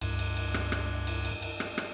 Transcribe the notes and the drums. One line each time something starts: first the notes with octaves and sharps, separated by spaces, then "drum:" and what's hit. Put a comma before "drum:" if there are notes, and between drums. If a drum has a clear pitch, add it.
C#2 G2, drum: cymbal
drum: cymbal
drum: cymbal
drum: rim click
drum: rim click
drum: cymbal
drum: cymbal
drum: cymbal
drum: rim click
drum: rim click